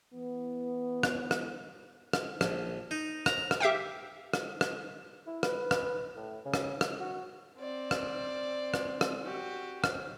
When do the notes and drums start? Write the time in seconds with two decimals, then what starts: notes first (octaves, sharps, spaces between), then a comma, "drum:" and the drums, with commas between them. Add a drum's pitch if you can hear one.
0.13 E3 B3
1.03 drum: rim click
1.31 drum: rim click
2.13 drum: rim click
2.41 A#1, drum: rim click
2.91 D#4
3.26 A#5, drum: rim click
3.51 drum: rim click
3.60 G4 E5 F5 G5
4.33 drum: rim click
4.61 drum: rim click
5.26 E4
5.43 B4, drum: rim click
5.71 drum: rim click
6.16 A2
6.44 C#3
6.54 drum: rim click
6.81 drum: rim click
6.99 F#4
7.58 C4 D5
7.91 drum: rim click
8.74 drum: rim click
9.01 drum: rim click
9.23 F#4 G4
9.84 drum: rim click